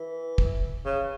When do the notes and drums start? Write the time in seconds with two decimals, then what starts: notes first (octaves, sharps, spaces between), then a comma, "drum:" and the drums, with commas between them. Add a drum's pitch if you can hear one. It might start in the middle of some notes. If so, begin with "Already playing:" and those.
Already playing: E3
0.38 drum: kick
0.86 C#3